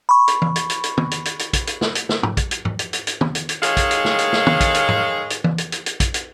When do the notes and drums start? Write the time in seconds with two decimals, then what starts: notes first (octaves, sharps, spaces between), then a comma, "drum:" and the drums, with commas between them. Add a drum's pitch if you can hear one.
0.09 B5 C#6
0.28 drum: hi-hat
0.42 drum: tom E3
0.56 drum: hi-hat
0.70 drum: hi-hat
0.84 drum: hi-hat
0.97 drum: tom
1.11 drum: hi-hat
1.25 drum: hi-hat
1.39 drum: hi-hat
1.53 drum: kick, hi-hat
1.67 drum: hi-hat
1.81 drum: snare
1.95 drum: hi-hat
2.09 drum: snare
2.23 drum: tom
2.37 drum: kick, hi-hat
2.51 drum: hi-hat
2.65 drum: tom G#2
2.79 drum: hi-hat
2.93 drum: hi-hat
3.07 drum: hi-hat
3.21 drum: tom
3.35 drum: hi-hat
3.49 drum: hi-hat
3.63 D#3 G#3 G#4 A4 C#5 F5, drum: hi-hat
3.77 drum: kick, hi-hat
3.91 drum: hi-hat
4.05 drum: snare
4.19 drum: hi-hat
4.33 drum: snare
4.47 drum: tom
4.60 drum: kick, hi-hat
4.74 drum: hi-hat
4.88 drum: tom G#2
5.30 drum: hi-hat
5.44 drum: tom E3
5.58 drum: hi-hat
5.72 drum: hi-hat
5.86 drum: hi-hat
6.00 drum: kick, hi-hat
6.14 drum: hi-hat